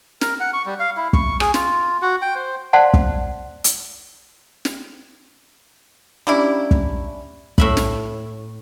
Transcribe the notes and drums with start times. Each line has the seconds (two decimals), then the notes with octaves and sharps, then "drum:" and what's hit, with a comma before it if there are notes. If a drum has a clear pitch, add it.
0.21 A#4, drum: snare
0.40 F#5
0.53 C#6
0.66 G3
0.79 F5
0.97 E4
1.13 C#6, drum: kick
1.40 G#4, drum: rim click
1.54 F4, drum: snare
2.02 F#4
2.22 G5
2.35 C5
2.73 C5 D5 F5 F#5 A5 C6
2.94 drum: kick
3.64 drum: hi-hat
4.65 drum: snare
6.27 G3 A#3 C#4 D4 E4 G4
6.71 drum: kick
7.58 A2 E5 B5, drum: kick
7.77 drum: snare